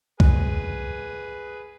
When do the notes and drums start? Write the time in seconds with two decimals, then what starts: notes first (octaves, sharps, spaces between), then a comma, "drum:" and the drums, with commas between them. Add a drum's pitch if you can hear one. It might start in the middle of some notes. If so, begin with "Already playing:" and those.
0.20 G#4 B4, drum: kick C2